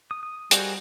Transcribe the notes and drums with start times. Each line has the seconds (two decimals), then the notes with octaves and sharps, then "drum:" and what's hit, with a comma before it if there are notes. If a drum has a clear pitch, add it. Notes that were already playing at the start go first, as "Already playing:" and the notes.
0.11 D#6
0.23 D#6
0.51 G3 F#4 G#4 A#4 C5 D#5, drum: hi-hat